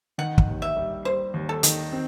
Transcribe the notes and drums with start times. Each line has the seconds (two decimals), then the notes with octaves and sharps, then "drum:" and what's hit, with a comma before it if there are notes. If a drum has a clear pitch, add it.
0.18 D#3 F#5
0.38 drum: kick
0.48 D#2
0.62 E5
0.76 G3
1.05 G3 C5
1.34 D#2
1.49 A4
1.63 D#3, drum: hi-hat
1.92 C4